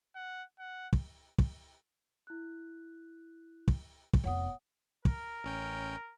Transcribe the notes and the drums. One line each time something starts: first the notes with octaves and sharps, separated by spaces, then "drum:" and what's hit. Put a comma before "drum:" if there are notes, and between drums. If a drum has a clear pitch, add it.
F#5
F#5
drum: kick
drum: kick
E4 F#6
drum: kick
drum: kick
F1 B3 C#5 F#5 D#6
A#4, drum: kick
A1 C#4 G5